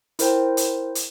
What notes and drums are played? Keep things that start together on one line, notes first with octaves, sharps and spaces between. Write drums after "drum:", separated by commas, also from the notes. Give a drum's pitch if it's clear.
E4 A#4 C5 G5, drum: hi-hat
drum: hi-hat
drum: hi-hat